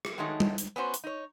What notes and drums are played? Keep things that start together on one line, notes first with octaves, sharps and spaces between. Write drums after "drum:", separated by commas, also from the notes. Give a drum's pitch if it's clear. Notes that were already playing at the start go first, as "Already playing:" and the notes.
drum: rim click
D#3 F#3 G#3 A3 D#4
drum: tom
drum: hi-hat
B3 C#4 F#4 C5
drum: hi-hat
D#4 C#5